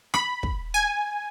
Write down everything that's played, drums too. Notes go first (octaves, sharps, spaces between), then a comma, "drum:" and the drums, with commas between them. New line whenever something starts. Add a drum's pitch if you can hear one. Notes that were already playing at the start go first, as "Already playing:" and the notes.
B5, drum: rim click
drum: kick
G#5